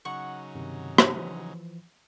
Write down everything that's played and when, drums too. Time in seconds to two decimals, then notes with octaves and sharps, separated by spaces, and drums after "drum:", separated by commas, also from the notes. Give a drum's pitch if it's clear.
0.05 C#3 F#3 D#4 F#5 C#6
0.55 G2 C3 D#3
0.98 drum: rim click
1.15 E3 F3